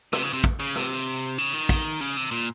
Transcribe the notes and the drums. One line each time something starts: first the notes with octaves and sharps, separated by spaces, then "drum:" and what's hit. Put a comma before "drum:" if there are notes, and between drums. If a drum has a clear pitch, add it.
C3, drum: rim click
C#3
C3
drum: kick
C#3
C3, drum: rim click
C#3
D#3
drum: kick
C#3
C3
A#2